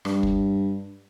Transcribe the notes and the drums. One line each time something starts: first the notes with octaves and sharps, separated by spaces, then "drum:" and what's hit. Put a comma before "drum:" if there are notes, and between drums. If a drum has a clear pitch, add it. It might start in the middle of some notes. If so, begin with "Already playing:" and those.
G2, drum: rim click
drum: kick